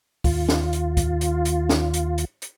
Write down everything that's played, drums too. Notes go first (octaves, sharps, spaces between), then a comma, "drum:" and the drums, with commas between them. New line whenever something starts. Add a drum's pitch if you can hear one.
D#2 F4, drum: kick, open hi-hat
drum: snare
drum: hi-hat
drum: kick, hi-hat
drum: hi-hat
drum: hi-hat
drum: snare
drum: hi-hat
drum: hi-hat
drum: hi-hat